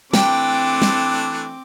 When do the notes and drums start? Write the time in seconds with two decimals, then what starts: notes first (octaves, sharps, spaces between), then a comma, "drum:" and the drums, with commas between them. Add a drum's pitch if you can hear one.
0.14 E3 A3 C4 D4 G5 D6, drum: snare
0.82 drum: snare